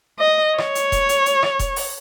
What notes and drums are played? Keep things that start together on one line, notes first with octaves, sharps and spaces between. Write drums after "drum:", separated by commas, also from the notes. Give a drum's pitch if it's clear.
D#5
C#5, drum: rim click
drum: hi-hat
drum: kick E1, hi-hat
drum: hi-hat
drum: hi-hat
drum: rim click
drum: kick E1, hi-hat
drum: open hi-hat